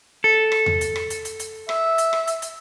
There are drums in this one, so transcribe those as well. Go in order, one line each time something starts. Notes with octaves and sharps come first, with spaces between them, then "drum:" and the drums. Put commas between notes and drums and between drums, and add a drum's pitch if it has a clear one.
A4
drum: rim click
drum: tom E2
drum: hi-hat
drum: rim click
drum: hi-hat
drum: hi-hat
drum: hi-hat
E5, drum: rim click
drum: hi-hat
drum: rim click
drum: hi-hat
drum: hi-hat